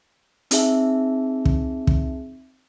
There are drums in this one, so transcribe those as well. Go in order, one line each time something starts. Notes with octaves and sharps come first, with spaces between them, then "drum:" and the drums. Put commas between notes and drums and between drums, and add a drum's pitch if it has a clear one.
C4 D#4 G#4 E5 A5, drum: hi-hat
drum: kick
drum: kick